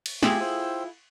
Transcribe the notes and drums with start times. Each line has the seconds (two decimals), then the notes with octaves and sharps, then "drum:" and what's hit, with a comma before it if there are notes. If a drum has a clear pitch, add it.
0.06 drum: cymbal
0.23 C4 E4 F4 G4 G#4 G#5, drum: snare
0.40 C5 G5 E6